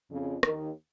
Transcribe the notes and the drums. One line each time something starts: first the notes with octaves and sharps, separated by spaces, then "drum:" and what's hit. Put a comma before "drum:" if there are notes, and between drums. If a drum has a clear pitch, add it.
F2 C#3
D#2 D#3 A#4, drum: rim click